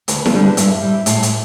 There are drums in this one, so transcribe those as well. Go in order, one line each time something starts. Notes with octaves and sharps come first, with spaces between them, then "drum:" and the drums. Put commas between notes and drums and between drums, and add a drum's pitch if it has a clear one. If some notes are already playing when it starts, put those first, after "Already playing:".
D2 B4, drum: hi-hat
A4, drum: snare E4
D3 G3 D4 B4
G2 E5, drum: hi-hat
G3 E4
A2, drum: hi-hat
drum: hi-hat